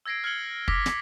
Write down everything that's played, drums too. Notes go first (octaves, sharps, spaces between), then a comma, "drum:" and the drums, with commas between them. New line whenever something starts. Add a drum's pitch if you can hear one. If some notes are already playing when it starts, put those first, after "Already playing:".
E6 G#6 A#6 C7 D7
F6 G#6 C#7 F#7 G7
D6 E6 A#6 B6, drum: kick
drum: snare